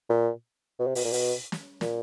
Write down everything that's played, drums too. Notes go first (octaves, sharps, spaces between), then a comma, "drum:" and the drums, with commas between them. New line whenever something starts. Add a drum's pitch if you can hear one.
A#2
B2
C3
B2, drum: open hi-hat
A#2
B2, drum: open hi-hat
drum: snare
A#2, drum: snare